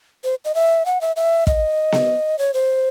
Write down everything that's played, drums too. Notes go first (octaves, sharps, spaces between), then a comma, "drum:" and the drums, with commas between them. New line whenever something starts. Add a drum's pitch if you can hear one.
C5
D#5
E5
F#5
E5
E5
D#5, drum: kick
drum: snare B3
C#5
C5